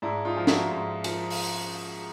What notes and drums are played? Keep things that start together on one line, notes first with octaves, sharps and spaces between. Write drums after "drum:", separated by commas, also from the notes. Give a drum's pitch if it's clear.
G#2 D4 E4
D#4 F4
F3
E4 F#4, drum: snare
G#2
F3, drum: cymbal
drum: open hi-hat